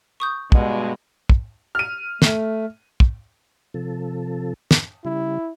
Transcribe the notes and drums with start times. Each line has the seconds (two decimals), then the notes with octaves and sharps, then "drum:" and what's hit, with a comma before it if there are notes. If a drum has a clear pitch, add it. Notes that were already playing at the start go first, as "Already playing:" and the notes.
0.20 C#6 D#6 G6
0.52 G2 B2 G#3, drum: kick
1.30 drum: kick
1.75 F6 D#7
2.22 A3, drum: snare
3.00 drum: kick
3.74 C3 F3 A4
4.71 drum: snare
5.05 C#3 G3 E4